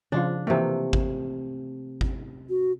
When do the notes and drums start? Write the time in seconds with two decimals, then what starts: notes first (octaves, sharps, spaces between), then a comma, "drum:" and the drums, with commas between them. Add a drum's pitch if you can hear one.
0.12 C#3 F3 D4 F4
0.47 C3 E3 A3 A#3
0.93 drum: kick G#1
2.01 drum: kick G#1
2.49 F#4